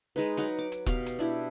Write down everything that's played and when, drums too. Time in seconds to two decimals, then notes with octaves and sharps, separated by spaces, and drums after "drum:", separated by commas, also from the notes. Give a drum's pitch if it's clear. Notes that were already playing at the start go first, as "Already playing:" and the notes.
0.16 G#3 D#4 B4
0.37 F#3 D#4 F#5 D6, drum: hi-hat
0.59 D6
0.72 drum: hi-hat
0.86 B2 G4 F5, drum: kick E1, hi-hat
1.06 drum: hi-hat
1.19 D4 E4 G4